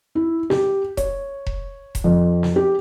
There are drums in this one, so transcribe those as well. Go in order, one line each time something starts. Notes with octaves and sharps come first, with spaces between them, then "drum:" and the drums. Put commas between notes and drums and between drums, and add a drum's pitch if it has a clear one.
E4
G4, drum: snare
C#5, drum: kick E1, hi-hat
drum: kick E1
drum: kick E1, hi-hat
F2
drum: snare
G4